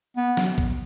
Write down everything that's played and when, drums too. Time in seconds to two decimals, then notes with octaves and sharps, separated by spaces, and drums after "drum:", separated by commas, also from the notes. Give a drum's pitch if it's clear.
0.17 B3
0.37 drum: snare
0.58 drum: kick